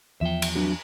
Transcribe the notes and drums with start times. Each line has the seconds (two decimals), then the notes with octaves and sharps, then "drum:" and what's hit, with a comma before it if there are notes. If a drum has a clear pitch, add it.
0.21 E2 F3 E5 G5
0.42 drum: cymbal
0.55 F#3 D4 F#4